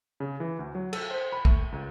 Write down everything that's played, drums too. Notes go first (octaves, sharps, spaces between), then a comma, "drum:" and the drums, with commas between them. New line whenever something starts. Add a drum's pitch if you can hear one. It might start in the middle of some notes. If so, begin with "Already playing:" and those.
C#3
E3
D2
F#3
A4, drum: cymbal
C5
B5
A3, drum: kick
C#2